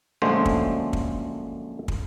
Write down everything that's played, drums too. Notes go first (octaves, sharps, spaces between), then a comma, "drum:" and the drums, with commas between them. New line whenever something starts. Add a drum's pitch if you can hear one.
A#1 F#2 D3 G#3 A3 C5
drum: kick
drum: kick
drum: kick